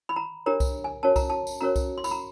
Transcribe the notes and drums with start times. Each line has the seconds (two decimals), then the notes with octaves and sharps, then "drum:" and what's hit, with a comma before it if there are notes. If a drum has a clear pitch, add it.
0.09 B5
0.16 A#5
0.46 D4 G4 A#4 C#5 A#5
0.60 drum: kick C2, tambourine
0.84 G#5
1.03 C#4 F#4 A#4 C#5 A5
1.16 A#5, drum: kick C2, tambourine
1.30 A5
1.47 drum: tambourine
1.61 C#4 F#4 A#4 C#5 A#5
1.76 drum: kick C2, tambourine
1.98 C6
2.04 B5, drum: tambourine
2.11 A#5